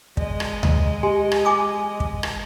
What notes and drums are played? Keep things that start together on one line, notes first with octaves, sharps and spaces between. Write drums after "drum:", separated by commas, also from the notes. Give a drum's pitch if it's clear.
G#3 D5 D#5, drum: kick
drum: rim click
drum: tom D2
G4 G#5 C6
drum: rim click
G#5 D6 D#6
drum: kick
drum: rim click